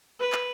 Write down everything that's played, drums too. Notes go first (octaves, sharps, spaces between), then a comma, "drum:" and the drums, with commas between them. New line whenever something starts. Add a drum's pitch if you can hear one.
B4
drum: clap